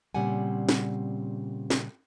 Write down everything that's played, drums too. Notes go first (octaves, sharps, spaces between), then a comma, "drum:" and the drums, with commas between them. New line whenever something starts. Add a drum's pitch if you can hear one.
A#2 C#3 G3 C4 F#5 G#5
drum: snare
drum: snare